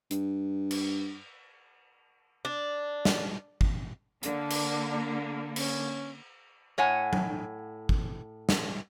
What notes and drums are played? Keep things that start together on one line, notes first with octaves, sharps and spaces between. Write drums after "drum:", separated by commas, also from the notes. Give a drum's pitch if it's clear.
G2, drum: hi-hat
drum: cymbal
D4
drum: snare
drum: kick
D3 A#3 D4, drum: hi-hat
drum: cymbal
C#4, drum: cymbal
A2 C#5 F#5 G#5
drum: tom F#3
drum: kick
drum: snare